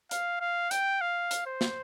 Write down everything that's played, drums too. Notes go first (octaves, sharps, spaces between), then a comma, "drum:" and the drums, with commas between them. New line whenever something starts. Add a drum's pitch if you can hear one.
F5, drum: hi-hat
F5
G5, drum: hi-hat
F5
drum: hi-hat
C5
drum: snare